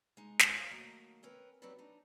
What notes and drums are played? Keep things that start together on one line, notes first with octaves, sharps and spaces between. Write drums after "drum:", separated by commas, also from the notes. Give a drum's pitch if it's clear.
G#3 D#4
drum: snare
D#4 C#5 F5
D#3 F#3 A3 A#3 A#4 D#5
C4 C#4 A#4 B4
F#3 G3 C4 D#4 F#4 B4
D4 D#4